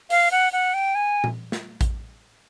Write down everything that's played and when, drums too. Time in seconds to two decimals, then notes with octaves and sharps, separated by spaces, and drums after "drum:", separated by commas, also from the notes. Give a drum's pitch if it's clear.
0.10 F5, drum: open hi-hat
0.31 F#5
0.53 F#5
0.74 G5
0.95 G#5
1.24 drum: tom A#2
1.52 drum: snare
1.81 drum: kick A1, hi-hat